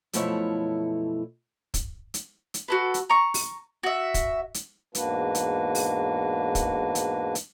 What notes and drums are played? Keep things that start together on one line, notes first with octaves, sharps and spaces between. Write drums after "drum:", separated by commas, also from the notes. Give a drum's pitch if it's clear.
F#2 B2 F3 A3 E4 C#5, drum: hi-hat
drum: kick, hi-hat
drum: hi-hat
drum: hi-hat
F#4 A4 B4
drum: hi-hat
A#5 C#6
drum: open hi-hat
F#4 E5
drum: kick, hi-hat
drum: hi-hat
E2 G#2 A#3 D4 F#4 B4, drum: hi-hat
drum: hi-hat
drum: open hi-hat
drum: kick, hi-hat
drum: hi-hat
drum: hi-hat